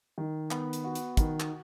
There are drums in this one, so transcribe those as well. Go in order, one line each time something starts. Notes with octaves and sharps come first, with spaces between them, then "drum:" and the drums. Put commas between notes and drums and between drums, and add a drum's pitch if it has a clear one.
D#3
B3, drum: clap
drum: hi-hat
F#4
drum: hi-hat
D#3, drum: kick, hi-hat
drum: clap